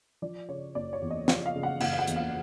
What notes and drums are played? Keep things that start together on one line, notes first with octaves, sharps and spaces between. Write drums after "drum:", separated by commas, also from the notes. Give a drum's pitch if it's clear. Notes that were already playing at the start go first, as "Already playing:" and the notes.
F3 D5
C#3 C#5
F#1 D5
C#5
E2
D#5
F3 F5, drum: snare
F5
C#3
F#5
F#1 F#5, drum: cymbal
F5
F#5
E2, drum: hi-hat
F5